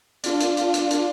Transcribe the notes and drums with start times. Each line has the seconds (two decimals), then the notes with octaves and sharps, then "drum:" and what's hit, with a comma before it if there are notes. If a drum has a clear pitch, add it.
0.23 D4 F4, drum: hi-hat
0.40 drum: hi-hat
0.57 drum: hi-hat
0.74 drum: hi-hat
0.90 drum: hi-hat